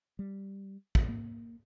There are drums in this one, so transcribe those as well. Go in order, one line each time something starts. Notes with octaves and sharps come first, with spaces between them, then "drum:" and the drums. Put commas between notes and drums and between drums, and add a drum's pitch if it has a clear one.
G3
drum: kick
A#3